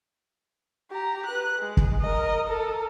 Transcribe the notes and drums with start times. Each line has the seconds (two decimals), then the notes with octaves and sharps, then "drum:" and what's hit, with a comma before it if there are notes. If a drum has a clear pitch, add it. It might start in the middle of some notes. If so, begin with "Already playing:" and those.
0.91 G4 A#5
1.26 B4 F#6
1.59 G#3
1.77 drum: kick
2.01 A#4 D#5
2.48 A4 A#4